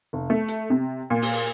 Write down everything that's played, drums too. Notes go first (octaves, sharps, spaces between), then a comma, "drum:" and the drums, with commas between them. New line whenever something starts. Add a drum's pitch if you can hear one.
F1
A3
drum: hi-hat
C3
A#2
drum: open hi-hat